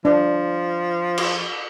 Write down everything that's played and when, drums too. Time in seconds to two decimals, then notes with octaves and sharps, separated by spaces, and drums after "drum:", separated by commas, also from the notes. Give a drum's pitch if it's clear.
0.05 F3 D4
1.18 drum: cymbal